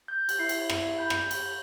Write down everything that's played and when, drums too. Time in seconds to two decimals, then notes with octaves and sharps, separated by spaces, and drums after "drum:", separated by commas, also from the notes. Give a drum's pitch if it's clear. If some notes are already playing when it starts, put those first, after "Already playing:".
0.08 G6
0.29 drum: cymbal
0.39 E4 C7
0.49 drum: cymbal
0.70 drum: rim click
0.99 B5 G6
1.10 drum: rim click
1.31 drum: cymbal